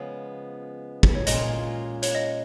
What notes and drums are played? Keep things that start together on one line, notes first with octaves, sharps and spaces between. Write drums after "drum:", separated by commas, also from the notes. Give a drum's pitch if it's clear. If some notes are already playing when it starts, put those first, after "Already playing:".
Already playing: C#3 F3 G#3 B3 F4 C#5
drum: kick
C#5
A#2 G#3 C#4 F4 D#5, drum: hi-hat
C#5, drum: hi-hat
D#5